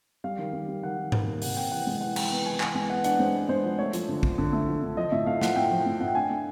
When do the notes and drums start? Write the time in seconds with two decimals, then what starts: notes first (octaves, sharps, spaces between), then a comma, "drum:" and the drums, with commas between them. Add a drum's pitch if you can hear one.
0.24 G3 F5
0.38 D#3
0.53 G3
0.68 G3
0.83 D#3 F#5
0.98 D#3
1.12 D#3, drum: tom G#2
1.27 A#3
1.42 C3 F#5, drum: open hi-hat
1.57 C3 G5
1.72 E3 F#5
1.87 G#3
2.01 E3 F#5
2.16 E3 G5, drum: cymbal
2.31 B3
2.46 E3 G#5
2.60 B3 G#5, drum: clap
2.75 G#3 G#5
2.89 B3 F#5
3.04 D4 F#5, drum: hi-hat
3.19 G#3 C5
3.34 B3
3.49 G#3 C5
3.64 F3
3.79 A3 C#5
3.93 F3, drum: hi-hat
4.09 D3
4.23 D3, drum: kick A#1
4.38 D3
4.53 A3
4.68 F3
4.82 D3
4.97 F3 D#5
5.12 A2 E5
5.27 A3 F5
5.41 F3 F#5, drum: snare
5.56 A2 G5
5.71 F3
5.86 A2
6.00 A2 F#5
6.08 G5
6.15 D4 G#5
6.30 A3